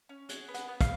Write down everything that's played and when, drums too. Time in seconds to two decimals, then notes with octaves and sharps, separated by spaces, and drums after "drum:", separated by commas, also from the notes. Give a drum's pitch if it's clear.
0.09 C#4
0.29 G#4 F#5, drum: hi-hat
0.48 B3
0.54 F#5, drum: hi-hat
0.68 B3
0.81 F5, drum: kick, hi-hat